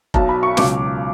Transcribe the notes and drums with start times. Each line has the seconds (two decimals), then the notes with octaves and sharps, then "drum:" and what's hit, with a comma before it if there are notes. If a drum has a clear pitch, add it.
0.14 B1 B2 F#3 A5, drum: kick F1
0.29 B5
0.43 C#6
0.57 C#2 B2 F#3 D6, drum: snare